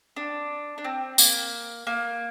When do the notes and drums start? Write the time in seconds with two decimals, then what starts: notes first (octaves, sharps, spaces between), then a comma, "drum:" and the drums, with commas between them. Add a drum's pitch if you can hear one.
0.16 D4
0.78 D4
0.84 C4
1.18 A#3, drum: tambourine
1.87 A#3